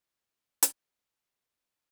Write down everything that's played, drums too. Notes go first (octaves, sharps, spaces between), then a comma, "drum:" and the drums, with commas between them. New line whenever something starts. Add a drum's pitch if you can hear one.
drum: hi-hat
D#3 G#3 A4 B4
F3 A#3 C4